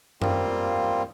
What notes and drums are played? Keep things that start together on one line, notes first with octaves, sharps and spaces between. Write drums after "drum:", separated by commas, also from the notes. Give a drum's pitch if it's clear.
G3 A#3 C4 F4, drum: tom F#2